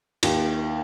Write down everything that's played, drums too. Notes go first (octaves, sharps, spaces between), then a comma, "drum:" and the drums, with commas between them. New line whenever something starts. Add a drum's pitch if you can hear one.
D#2, drum: cymbal